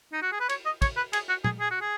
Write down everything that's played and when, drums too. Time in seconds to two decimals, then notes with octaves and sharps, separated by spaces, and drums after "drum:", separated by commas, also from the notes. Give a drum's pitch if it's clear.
0.13 D#4
0.22 F#4
0.32 G#4
0.40 B4
0.49 C#5, drum: cymbal
0.66 D#5
0.82 C#5, drum: kick, cymbal
0.97 B4
1.13 G#4, drum: cymbal
1.29 F#4
1.44 G#4, drum: tom
1.60 G#4
1.71 F#4
1.81 G#4